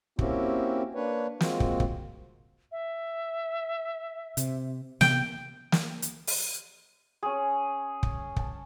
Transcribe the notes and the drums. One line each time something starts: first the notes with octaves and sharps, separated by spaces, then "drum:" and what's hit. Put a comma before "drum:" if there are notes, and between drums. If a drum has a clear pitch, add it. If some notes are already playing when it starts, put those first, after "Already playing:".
A#3 C4 C#4 E4 F#4 G4, drum: kick
A#3 D4 B4 C#5
G#3 A#3 C4 F4 F#4, drum: snare
drum: kick
drum: kick
E5
C3, drum: hi-hat
C3 B3 G5, drum: snare
drum: snare
drum: hi-hat
drum: open hi-hat
C#4 G#4
drum: kick
A5, drum: kick